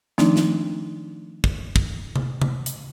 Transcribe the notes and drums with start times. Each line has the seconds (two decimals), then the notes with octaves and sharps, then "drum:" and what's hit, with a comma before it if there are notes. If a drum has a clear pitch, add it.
0.18 D#3 F3 A3 C4 D4 D#4, drum: snare
0.36 drum: snare
1.44 drum: kick
1.76 drum: kick
2.16 drum: tom C3
2.42 drum: tom C3
2.66 drum: hi-hat